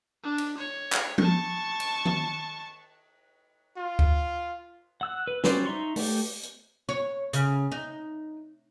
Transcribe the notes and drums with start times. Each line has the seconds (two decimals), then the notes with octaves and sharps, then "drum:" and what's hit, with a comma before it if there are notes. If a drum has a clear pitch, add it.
0.24 D4
0.38 drum: cymbal
0.58 C#5
0.92 drum: clap
1.18 A5 C#6, drum: tom F3
1.80 drum: cymbal
2.05 drum: tom D#3
3.77 F4
3.99 drum: kick D2
5.01 F#5 E6 F#6
5.27 B4
5.44 F#3 G3 C#4 C5 D5, drum: snare
5.66 D#4 E5 A#5 C6 C#6
5.96 A3 G4, drum: open hi-hat
6.43 drum: hi-hat
6.89 C#5
7.33 C#3, drum: hi-hat
7.72 D#4